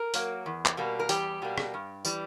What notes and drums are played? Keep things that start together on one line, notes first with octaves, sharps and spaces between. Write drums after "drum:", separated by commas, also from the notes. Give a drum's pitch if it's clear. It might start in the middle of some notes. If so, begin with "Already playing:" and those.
Already playing: A#4
F#3 A#3, drum: open hi-hat
E2
drum: clap
B2 G3 A#3
A#4
E2 G3 G4, drum: open hi-hat
B2 G3 A#3
drum: rim click
G2
E3 G3, drum: tambourine